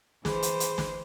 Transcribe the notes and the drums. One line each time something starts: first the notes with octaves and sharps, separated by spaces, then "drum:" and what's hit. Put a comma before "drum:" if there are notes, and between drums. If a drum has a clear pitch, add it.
E3 G#4 C5 B5, drum: snare
drum: hi-hat
drum: hi-hat
drum: snare